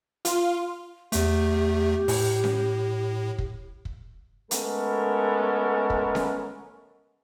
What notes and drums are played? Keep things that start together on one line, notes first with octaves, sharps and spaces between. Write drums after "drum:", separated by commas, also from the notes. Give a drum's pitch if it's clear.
F4, drum: hi-hat
E2 A3 G4, drum: hi-hat
A2, drum: open hi-hat
drum: snare C#4
drum: kick
drum: kick
G#3 A3 B3 C#4 A4 A#4, drum: hi-hat
drum: kick
drum: snare C#4